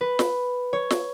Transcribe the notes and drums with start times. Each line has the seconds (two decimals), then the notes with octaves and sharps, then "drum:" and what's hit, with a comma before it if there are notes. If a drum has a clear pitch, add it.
0.01 B4
0.19 drum: snare
0.73 C#5
0.90 drum: snare